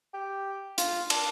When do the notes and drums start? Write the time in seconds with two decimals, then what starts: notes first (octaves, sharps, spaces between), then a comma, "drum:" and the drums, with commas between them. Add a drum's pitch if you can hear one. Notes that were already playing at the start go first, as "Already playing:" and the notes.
0.14 G4
0.78 F4, drum: hi-hat
1.10 D4, drum: cymbal